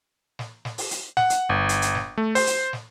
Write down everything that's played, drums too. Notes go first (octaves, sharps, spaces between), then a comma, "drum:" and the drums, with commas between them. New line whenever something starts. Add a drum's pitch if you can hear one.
drum: snare
drum: snare
drum: open hi-hat
drum: hi-hat
F#5, drum: snare
drum: hi-hat
G1
drum: hi-hat
drum: hi-hat
drum: snare
A3
C5, drum: open hi-hat
drum: hi-hat
drum: snare